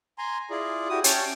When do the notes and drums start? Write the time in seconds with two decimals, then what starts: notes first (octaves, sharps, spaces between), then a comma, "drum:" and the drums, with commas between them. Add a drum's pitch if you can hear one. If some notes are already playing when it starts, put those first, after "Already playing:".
0.18 G#5 A#5 C6
0.50 E4 F4 G#4 D5
0.89 E4 F#4 G4 D#6
1.04 C#4 C#5 G5 A5, drum: hi-hat